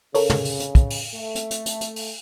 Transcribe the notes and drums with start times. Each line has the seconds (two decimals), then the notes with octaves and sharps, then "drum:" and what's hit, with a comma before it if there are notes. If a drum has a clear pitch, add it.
0.15 C#3 A4 A#4 C#5, drum: open hi-hat
0.30 drum: tom
0.45 drum: open hi-hat
0.60 drum: hi-hat
0.75 drum: kick, hi-hat
0.90 drum: open hi-hat
1.14 A3
1.35 drum: hi-hat
1.51 drum: hi-hat
1.66 drum: hi-hat
1.81 drum: hi-hat
1.96 drum: open hi-hat